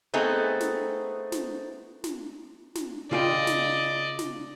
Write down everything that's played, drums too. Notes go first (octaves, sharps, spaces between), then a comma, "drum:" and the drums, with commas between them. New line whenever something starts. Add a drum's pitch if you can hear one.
A3 B3 C4 D#4 G#4 A4
drum: snare
drum: snare
drum: snare
drum: snare
C#3 F4 D5 D#5 G5
drum: snare
drum: snare